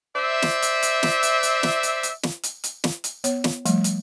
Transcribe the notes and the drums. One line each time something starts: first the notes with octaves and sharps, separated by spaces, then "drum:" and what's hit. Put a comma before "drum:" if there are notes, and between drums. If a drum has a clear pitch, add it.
C5 D5 E5
drum: snare
drum: hi-hat
drum: hi-hat
drum: snare
drum: hi-hat
drum: hi-hat
drum: snare
drum: hi-hat
drum: hi-hat
drum: snare
drum: hi-hat
drum: hi-hat
drum: snare
drum: hi-hat
B3 C#5, drum: hi-hat
drum: snare
F3 G3 A3, drum: hi-hat
drum: hi-hat